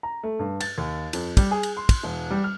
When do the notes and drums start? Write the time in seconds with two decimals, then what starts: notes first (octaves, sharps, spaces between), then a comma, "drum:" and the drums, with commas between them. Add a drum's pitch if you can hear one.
0.03 A#5
0.23 A3
0.39 G2
0.61 A6, drum: cymbal
0.78 D#2
1.13 F2, drum: cymbal
1.37 G3, drum: kick, cymbal
1.51 G#4
1.63 drum: cymbal
1.77 C6
1.89 drum: kick, cymbal
2.03 E1
2.30 G3
2.44 F6